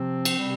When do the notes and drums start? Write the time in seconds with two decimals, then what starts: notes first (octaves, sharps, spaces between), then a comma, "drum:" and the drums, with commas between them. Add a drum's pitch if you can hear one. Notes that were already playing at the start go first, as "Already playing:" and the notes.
Already playing: C3 F3 C4
0.25 drum: cymbal
0.36 C3 G3